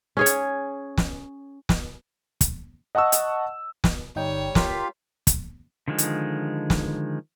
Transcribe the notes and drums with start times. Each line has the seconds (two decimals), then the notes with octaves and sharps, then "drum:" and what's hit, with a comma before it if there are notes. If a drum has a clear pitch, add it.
0.17 C#4 G#4 C#5
0.26 drum: hi-hat
0.98 drum: snare
1.69 drum: snare
2.41 drum: kick, hi-hat
2.95 D#5 F#5 A5 C#6 E6
3.12 drum: hi-hat
3.84 drum: snare
4.16 G1 G3 D#4 C#5 G5
4.55 F4 G4 A#4 F5 C6 B6, drum: snare
5.27 drum: kick, hi-hat
5.88 D3 D#3 F3 G#3
5.98 drum: hi-hat
6.70 drum: snare